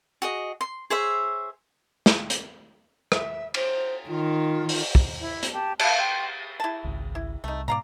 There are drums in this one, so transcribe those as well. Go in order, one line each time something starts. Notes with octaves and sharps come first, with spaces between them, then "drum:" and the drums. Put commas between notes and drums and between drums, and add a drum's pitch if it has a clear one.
F#4 G#4 D#5
C6
G#4 C5 C#5 E5
drum: snare
drum: hi-hat
E5, drum: rim click
C5, drum: cymbal
D#3 F4
drum: open hi-hat
drum: kick
E4
drum: hi-hat
G4 A5
E5 F5 A5 B5, drum: cymbal
G5 C6
E4 A5
G#1 C#2
E4
C2 A3 D#4
G#2 B2 D5 F5 A#5